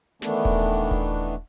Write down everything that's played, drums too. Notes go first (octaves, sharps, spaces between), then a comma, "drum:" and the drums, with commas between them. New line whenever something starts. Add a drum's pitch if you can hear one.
D#3 E3 A3 B3 D4, drum: snare
drum: kick D#1
drum: kick D#1